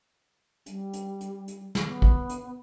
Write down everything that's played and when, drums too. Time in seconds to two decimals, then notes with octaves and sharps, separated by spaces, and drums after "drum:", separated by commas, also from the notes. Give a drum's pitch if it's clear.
0.66 G3, drum: hi-hat
0.93 drum: hi-hat
1.21 drum: hi-hat
1.48 drum: hi-hat
1.75 drum: snare
1.85 B3
2.02 drum: kick
2.29 drum: hi-hat